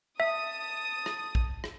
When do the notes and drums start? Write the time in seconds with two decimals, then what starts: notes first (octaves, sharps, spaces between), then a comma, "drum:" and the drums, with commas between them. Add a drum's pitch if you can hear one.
0.20 E5 A5 D#6
1.06 drum: rim click
1.35 drum: kick
1.64 drum: rim click